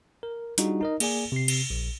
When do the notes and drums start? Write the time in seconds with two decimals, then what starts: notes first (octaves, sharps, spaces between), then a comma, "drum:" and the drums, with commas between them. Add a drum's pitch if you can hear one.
0.23 A#4
0.58 G3 D4 D#4 F4 F#4 G#4, drum: hi-hat
0.81 D#4 A#4 D#5
1.00 A#3 G#4 D5 G#5, drum: cymbal
1.32 C3 C7
1.48 drum: cymbal
1.70 A#1